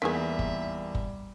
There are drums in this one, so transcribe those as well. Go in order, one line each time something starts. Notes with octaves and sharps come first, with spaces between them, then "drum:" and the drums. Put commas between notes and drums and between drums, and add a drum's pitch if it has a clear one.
E2 D#3 G3 A#3 B3 G#4 E5 B6
drum: kick
drum: kick